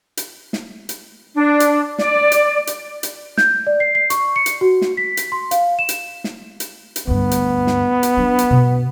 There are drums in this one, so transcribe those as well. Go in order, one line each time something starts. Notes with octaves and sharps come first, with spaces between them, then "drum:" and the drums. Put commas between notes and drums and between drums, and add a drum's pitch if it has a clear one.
drum: hi-hat
drum: snare
drum: hi-hat
D4
drum: hi-hat
D5, drum: snare
drum: hi-hat
drum: hi-hat
drum: hi-hat
G6, drum: snare
D5
C7
C7
C#6, drum: hi-hat
C#7
drum: hi-hat
F#4
drum: snare
B6
drum: hi-hat
C6
F5, drum: hi-hat
E7
drum: hi-hat
drum: snare
drum: hi-hat
drum: hi-hat
D2 G2 B3
drum: hi-hat
drum: snare
drum: hi-hat
F3 D4
drum: hi-hat
B2